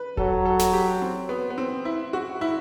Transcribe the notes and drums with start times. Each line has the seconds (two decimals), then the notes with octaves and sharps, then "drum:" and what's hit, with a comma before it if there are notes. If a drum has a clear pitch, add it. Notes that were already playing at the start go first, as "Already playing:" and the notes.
Already playing: B4
0.17 F#3 A4, drum: kick D#1
0.45 A4
0.59 drum: snare
0.73 G4
1.02 C4
1.29 B3
1.50 B3
1.58 C4
1.85 E4
2.13 F#4
2.41 E4